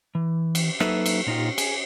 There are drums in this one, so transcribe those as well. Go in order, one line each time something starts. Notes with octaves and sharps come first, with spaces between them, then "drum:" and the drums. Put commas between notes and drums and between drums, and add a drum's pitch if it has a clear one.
E3
drum: cymbal
F#3 A#3 D#4 A4 B4 E5, drum: rim click
drum: cymbal
A#2 D#4 F4 G4
G#4, drum: cymbal